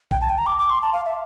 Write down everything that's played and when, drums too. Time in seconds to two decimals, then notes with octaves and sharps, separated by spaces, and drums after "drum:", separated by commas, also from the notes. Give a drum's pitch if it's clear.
0.11 G5, drum: kick A#1
0.21 A5
0.29 G5
0.38 A#5
0.46 D6
0.58 D6
0.70 C6
0.82 A5
0.93 F5
1.05 E5